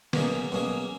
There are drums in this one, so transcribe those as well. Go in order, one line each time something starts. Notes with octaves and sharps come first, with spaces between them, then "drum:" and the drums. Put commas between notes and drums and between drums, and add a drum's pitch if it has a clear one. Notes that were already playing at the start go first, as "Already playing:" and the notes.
B2 F#3 A#3 C#4 G#4, drum: snare
B2 F#3 A#3 C#4 G#4